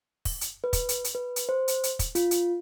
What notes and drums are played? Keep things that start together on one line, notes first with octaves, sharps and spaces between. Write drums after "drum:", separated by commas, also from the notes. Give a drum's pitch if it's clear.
drum: kick, open hi-hat
drum: hi-hat
B4
drum: kick, hi-hat
drum: hi-hat
drum: hi-hat
B4
drum: hi-hat
C5
drum: hi-hat
drum: hi-hat
drum: kick, hi-hat
F4, drum: hi-hat
drum: hi-hat